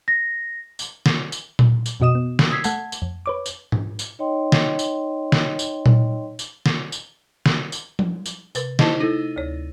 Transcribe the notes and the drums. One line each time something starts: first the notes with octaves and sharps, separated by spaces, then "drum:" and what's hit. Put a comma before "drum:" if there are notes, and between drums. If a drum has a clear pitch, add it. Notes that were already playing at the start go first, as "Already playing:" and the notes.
A#6
drum: tambourine
drum: snare
drum: tambourine
drum: tom A#2
drum: tambourine
F2 B2 F#4 D#5 D#6 E7
B3
drum: snare
D#6 E6 G#6 B6 C7
A3 F#5 A5 G#6, drum: tambourine
drum: tambourine
F2
B4 C#5 D6
drum: tambourine
drum: tom G#2
drum: tambourine
D#4 C#5 D#5 G5 C6
drum: snare
drum: tambourine
drum: snare
drum: tambourine
drum: tom A#2
drum: tambourine
drum: snare
drum: tambourine
drum: snare
drum: tambourine
drum: tom F3
drum: tambourine
C3 A#4 B4, drum: tambourine
D#4 E4 G#4 C5 D#5 A5, drum: snare
A3 D#4 E4 A4
D2 C#5